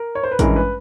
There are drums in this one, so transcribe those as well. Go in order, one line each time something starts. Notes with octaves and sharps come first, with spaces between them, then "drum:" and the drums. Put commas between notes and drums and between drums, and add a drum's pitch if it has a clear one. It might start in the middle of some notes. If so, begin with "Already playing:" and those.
Already playing: A#4
C#5
C5
B4
G2 E3 G#3 C#4 A#4, drum: kick A1, hi-hat
B4